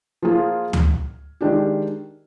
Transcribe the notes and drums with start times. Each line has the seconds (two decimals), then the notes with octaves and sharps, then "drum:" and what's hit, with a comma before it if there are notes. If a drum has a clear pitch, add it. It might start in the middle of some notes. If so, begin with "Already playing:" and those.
0.22 F3 A#3 F4 G#4
0.73 drum: tom D2
1.41 D#3 G#3 D4 G4